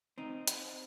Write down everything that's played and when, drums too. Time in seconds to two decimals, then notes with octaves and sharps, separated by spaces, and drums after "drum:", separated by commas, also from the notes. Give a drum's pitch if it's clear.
0.18 C4 D#4
0.47 drum: hi-hat